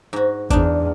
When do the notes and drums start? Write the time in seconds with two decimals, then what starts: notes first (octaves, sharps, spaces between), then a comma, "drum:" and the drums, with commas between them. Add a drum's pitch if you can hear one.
0.13 G#2 F#4
0.51 E2 D4 D#4, drum: kick G1, hi-hat